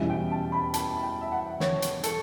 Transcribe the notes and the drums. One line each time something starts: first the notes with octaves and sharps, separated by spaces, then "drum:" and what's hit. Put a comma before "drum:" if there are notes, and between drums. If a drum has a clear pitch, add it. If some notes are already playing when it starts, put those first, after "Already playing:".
Already playing: E2 B2 G3 C#4 E4 E5
G5
A5
B5
A5, drum: hi-hat
G5
E5
F#5
C#5, drum: snare
drum: hi-hat
A4, drum: hi-hat